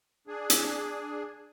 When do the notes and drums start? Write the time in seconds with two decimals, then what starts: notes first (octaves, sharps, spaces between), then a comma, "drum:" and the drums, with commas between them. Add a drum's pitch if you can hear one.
0.27 D4 G#4
0.50 drum: hi-hat